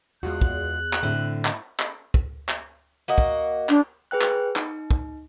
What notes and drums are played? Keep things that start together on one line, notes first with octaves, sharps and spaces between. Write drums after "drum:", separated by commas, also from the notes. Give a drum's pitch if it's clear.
E2 G#3 F4 F#4 F#6
drum: kick
drum: clap
A2 D3 C4
drum: clap
drum: clap
drum: kick
drum: clap
A#3 F#4 D#5
drum: kick
D4, drum: clap
G#4 B4 G5 F#6
drum: clap
D#4, drum: clap
drum: kick